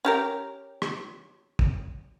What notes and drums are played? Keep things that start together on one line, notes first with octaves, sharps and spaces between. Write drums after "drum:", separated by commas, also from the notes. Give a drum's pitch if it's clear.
C#4 G4 A#4
drum: rim click
drum: kick